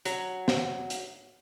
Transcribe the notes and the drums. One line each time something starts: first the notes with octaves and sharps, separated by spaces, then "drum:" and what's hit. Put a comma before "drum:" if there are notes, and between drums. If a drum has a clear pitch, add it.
F#3, drum: hi-hat
drum: snare
drum: hi-hat